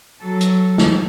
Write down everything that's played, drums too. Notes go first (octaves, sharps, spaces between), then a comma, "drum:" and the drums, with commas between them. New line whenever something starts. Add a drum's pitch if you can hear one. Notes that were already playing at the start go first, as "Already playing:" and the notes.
F#3 A4
drum: hi-hat
drum: snare